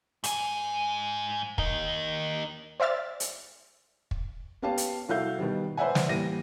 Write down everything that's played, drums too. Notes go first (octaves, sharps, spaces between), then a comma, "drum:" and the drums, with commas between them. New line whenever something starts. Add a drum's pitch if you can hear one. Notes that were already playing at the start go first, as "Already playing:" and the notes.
G#2 G#5, drum: hi-hat
A#3 D#4, drum: kick
C5 D5 E5 F6 A6
drum: hi-hat
drum: kick
B3 C#4 G4 F5 A5
drum: hi-hat
C2 F#4 A4 E5 F5 G6
B2 D#3 G3
B4 C5 D5 E5 F#5 G#5
drum: snare
A1 G3 A#3 A#6 D#7